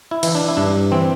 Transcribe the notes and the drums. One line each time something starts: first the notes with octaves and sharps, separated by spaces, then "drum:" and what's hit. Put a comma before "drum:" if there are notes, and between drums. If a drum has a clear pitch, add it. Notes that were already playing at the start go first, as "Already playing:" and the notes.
E4
E3, drum: cymbal
D4
E4
G2 D4
E3 C4